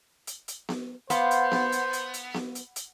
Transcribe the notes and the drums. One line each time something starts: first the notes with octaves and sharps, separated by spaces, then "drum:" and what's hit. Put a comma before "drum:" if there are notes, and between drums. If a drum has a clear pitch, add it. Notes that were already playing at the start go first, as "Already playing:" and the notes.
drum: hi-hat
drum: hi-hat
drum: snare B3
B3 C5 F5 C6 D6, drum: hi-hat
drum: hi-hat
drum: snare B3
drum: hi-hat
drum: hi-hat
drum: hi-hat
drum: snare B3
drum: hi-hat
drum: hi-hat